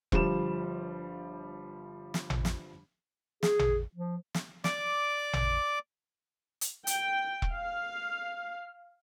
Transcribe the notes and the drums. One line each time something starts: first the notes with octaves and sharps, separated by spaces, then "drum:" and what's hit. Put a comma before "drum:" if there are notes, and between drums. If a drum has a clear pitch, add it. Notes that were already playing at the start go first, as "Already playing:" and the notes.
G1 F3 G3 E7, drum: kick E1
drum: snare
drum: tom A1
drum: snare
G#4, drum: snare
drum: tom A1
F3
drum: snare
D5 D6, drum: snare
drum: tom A1
drum: hi-hat
G5, drum: hi-hat
drum: kick E1
F5